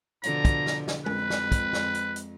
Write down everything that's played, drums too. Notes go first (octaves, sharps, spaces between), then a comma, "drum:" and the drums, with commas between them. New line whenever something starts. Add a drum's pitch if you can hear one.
B2 D3 F3 A#5, drum: hi-hat
drum: kick, hi-hat
drum: snare
drum: snare
F2 G#3 B4, drum: tom G#3
drum: snare
drum: kick, hi-hat
drum: snare
drum: hi-hat
drum: hi-hat